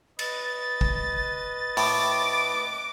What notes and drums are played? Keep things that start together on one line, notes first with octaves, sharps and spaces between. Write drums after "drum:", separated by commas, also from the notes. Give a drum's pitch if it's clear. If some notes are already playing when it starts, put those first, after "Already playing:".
B4 D#5 A6, drum: cymbal
drum: kick
A2 D6, drum: open hi-hat